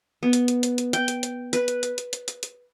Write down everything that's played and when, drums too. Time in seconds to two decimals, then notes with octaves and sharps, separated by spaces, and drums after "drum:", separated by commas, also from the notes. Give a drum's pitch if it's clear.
0.23 B3
0.33 drum: hi-hat
0.48 drum: hi-hat
0.63 drum: hi-hat
0.78 drum: hi-hat
0.93 G5, drum: hi-hat
1.08 drum: hi-hat
1.23 drum: hi-hat
1.53 B4, drum: hi-hat
1.68 drum: hi-hat
1.83 drum: hi-hat
1.98 drum: hi-hat
2.13 drum: hi-hat
2.28 drum: hi-hat
2.43 drum: hi-hat